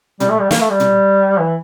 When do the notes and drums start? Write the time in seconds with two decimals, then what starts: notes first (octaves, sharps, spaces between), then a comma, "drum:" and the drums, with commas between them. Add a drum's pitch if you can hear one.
0.20 G3, drum: tom
0.30 A3
0.40 G3
0.51 A#3, drum: snare
0.60 A3
0.70 G3
0.80 drum: tom
1.39 E3